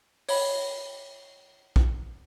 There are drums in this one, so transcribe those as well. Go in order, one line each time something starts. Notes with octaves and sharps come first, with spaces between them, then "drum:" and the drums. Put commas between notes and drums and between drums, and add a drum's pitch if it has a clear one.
C#5 B5, drum: open hi-hat
drum: kick A#1